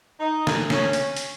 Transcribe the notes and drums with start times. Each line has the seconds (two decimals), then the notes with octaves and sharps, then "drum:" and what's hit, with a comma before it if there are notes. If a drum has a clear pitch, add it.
0.20 D#4
0.47 drum: snare
0.70 C#4, drum: snare
0.93 drum: hi-hat
1.16 drum: hi-hat